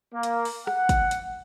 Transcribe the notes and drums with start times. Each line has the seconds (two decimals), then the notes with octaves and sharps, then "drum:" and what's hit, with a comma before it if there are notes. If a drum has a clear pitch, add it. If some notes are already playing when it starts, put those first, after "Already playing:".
0.13 A#3
0.23 drum: hi-hat
0.45 drum: open hi-hat
0.67 F#5, drum: rim click
0.89 drum: kick, hi-hat
1.11 drum: hi-hat